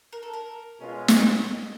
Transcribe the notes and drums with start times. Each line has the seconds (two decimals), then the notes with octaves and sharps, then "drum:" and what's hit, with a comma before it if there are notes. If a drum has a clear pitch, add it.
0.13 A#4
0.23 A4
0.33 A#4
0.78 B2 G#3 C#4 F4
1.08 drum: snare
1.44 D#5